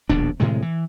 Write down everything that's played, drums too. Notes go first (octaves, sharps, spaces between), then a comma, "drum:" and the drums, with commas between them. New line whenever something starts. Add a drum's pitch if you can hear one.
A#1 D#2 B2 D4, drum: kick
A2 C3 D#3 G#3
E3